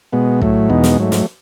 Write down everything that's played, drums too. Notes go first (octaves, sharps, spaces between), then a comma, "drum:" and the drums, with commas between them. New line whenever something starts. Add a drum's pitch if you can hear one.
B2 G#3 B3
A2 F#3 A3, drum: kick
E2 B2 G#3 B3 D#4
drum: snare
G#2 F#3 A3
drum: snare